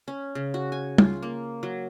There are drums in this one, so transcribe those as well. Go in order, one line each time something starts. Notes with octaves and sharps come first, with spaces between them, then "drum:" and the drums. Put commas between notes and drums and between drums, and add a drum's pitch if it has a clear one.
C#4
C#3
F#4
G#5
F4, drum: tom
A#3
F#3